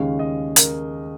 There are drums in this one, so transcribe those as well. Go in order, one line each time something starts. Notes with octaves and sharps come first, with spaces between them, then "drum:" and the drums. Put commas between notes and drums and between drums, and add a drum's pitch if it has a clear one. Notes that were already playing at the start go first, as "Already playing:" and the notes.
Already playing: D#2 C#3 G#3 C#4 F5
D#5
A#4, drum: hi-hat